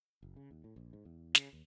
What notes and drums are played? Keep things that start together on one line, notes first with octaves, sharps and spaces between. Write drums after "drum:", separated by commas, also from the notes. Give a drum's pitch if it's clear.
F#1
C#3
D#2
A2
A#1
G#2
E2
C#3, drum: snare
D#2